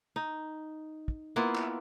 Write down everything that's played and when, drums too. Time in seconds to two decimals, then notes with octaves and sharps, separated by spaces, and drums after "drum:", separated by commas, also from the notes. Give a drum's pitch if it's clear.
0.16 D#4
1.08 drum: kick
1.36 A#3 B3 E4 F4
1.55 drum: clap